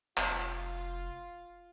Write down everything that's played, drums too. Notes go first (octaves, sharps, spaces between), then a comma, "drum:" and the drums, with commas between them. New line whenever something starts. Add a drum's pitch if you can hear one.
F1 F4, drum: clap